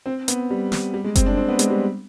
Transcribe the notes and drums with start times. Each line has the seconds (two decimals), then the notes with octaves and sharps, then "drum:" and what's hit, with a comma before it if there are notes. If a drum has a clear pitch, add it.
0.06 C4
0.28 B3, drum: hi-hat
0.50 G3
0.72 drum: snare
0.94 G3
1.04 G#3
1.15 C4, drum: kick F#1, hi-hat
1.26 D4
1.37 C4
1.49 B3
1.59 G#3, drum: hi-hat
1.70 G3